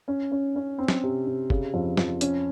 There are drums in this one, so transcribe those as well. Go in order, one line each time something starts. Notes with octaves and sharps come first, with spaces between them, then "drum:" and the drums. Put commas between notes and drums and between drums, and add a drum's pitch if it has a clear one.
C#4
C#4
C#4
C4
drum: snare
C3
C3
C#3, drum: kick
F2
F2, drum: snare
C#4, drum: hi-hat